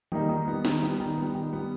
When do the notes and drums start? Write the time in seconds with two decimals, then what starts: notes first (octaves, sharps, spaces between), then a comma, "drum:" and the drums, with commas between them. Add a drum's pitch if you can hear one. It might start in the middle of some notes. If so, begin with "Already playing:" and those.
0.12 D#3 G3 A#3 D#4, drum: tom D#3
0.29 D#3
0.47 G3 B3
0.65 D#3, drum: snare D4
0.82 G3 B3
1.00 D#3
1.17 G3 B3
1.35 D#3
1.53 G3 B3